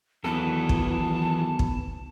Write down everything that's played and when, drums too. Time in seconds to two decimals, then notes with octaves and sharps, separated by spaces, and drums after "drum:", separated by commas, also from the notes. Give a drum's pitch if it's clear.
0.24 E2 D#3 E3 F#3 B3 A4 B4 A5
0.69 drum: kick
1.59 drum: kick